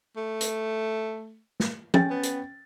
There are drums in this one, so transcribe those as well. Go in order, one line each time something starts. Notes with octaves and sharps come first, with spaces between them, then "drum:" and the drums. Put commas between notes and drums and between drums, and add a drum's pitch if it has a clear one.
A3
drum: hi-hat
drum: snare
C#4 G5 A6, drum: tom
B3
drum: hi-hat